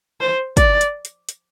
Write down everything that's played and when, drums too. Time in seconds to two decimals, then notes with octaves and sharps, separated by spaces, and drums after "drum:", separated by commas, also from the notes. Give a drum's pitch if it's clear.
0.21 C5
0.57 D5, drum: kick, hi-hat
0.81 drum: hi-hat
1.05 drum: hi-hat
1.29 drum: hi-hat